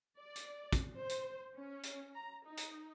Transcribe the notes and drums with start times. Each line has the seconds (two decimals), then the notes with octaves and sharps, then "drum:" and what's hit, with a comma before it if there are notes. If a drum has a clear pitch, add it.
0.17 D5
0.36 drum: hi-hat
0.73 drum: kick, hi-hat
0.97 C5
1.09 drum: hi-hat
1.54 C#4
1.83 drum: hi-hat
2.15 A#5
2.46 D#4
2.57 drum: hi-hat